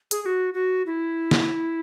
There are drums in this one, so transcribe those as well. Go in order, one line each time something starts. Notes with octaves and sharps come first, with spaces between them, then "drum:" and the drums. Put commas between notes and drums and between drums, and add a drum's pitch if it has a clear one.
G#4, drum: hi-hat
G#4
F#4
F#4
E4
drum: snare